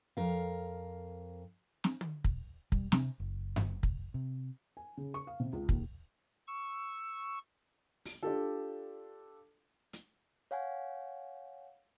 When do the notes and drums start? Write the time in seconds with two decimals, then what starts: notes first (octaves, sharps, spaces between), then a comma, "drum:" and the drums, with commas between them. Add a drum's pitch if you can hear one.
0.17 F2 A#4 F5
1.84 drum: snare
2.01 drum: tom
2.24 drum: kick
2.72 G3, drum: kick
2.92 C3, drum: snare
3.20 F#1
3.56 drum: tom F#2
3.83 drum: kick
4.14 C3
4.77 G#5
4.97 C#3
5.14 C#6
5.27 F5
5.40 C3
5.53 C#2
5.69 D#2, drum: kick
6.47 C#6 E6
8.05 drum: open hi-hat
8.23 D4 F4 G4 A4
9.93 drum: hi-hat
10.51 C#5 F5 F#5 G#5